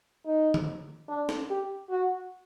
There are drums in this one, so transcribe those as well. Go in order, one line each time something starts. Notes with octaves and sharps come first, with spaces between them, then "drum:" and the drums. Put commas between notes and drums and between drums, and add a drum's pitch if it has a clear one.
D#4
drum: tom D3
D4
drum: snare
G4
F#4